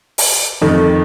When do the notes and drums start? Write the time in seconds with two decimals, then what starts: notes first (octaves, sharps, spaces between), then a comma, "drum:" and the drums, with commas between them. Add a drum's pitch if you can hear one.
0.18 drum: open hi-hat
0.61 F2 D#3 A3